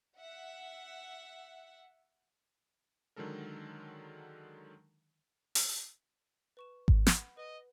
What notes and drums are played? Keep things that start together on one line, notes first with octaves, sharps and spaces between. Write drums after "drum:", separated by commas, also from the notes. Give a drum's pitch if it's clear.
E5 F#5
D3 D#3 F#3 G#3 A4 A#4
drum: open hi-hat
B4 C#6 E7
drum: kick G#1
F#5 B5, drum: snare
B4 D#5